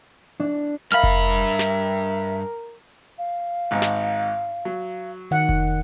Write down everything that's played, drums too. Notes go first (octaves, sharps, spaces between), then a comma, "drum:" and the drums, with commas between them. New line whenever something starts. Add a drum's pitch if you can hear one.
D4
G2 A#4 E5 F5 B5 F6
drum: kick F1
drum: snare
F5
G#1 G#2
drum: snare
F#3
D#3 F#5
drum: kick F1